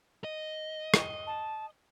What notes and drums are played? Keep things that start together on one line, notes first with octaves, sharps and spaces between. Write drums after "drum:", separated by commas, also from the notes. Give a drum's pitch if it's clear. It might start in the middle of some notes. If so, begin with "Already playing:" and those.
D#5
drum: rim click
A5